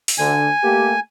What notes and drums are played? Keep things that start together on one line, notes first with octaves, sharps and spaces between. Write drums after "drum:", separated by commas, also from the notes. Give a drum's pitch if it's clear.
drum: open hi-hat
D2 D3 G#5
A3 A#3 G4